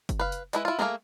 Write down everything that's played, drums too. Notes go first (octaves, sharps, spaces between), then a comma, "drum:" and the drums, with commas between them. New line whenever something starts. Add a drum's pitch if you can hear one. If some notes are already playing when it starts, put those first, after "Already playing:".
drum: kick, hi-hat
B4 F5
drum: hi-hat
G#3 E4 B4, drum: hi-hat
E4 F4
A3 A#3 F4 G#4 A#4, drum: snare G3